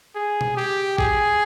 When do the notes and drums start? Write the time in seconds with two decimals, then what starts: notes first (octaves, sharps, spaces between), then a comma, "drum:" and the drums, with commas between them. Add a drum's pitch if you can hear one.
0.15 G#4
0.41 drum: tom B2
0.57 G4
0.98 G#4, drum: kick